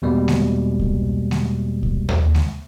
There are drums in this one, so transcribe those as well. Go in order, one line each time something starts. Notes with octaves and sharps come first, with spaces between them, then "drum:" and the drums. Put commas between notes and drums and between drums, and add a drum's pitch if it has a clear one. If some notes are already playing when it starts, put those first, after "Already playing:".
E2 B2 G3 G#3 A#3
drum: snare G#3
drum: kick C2
drum: snare G#3
drum: kick C2
drum: tom D#2
drum: snare G#3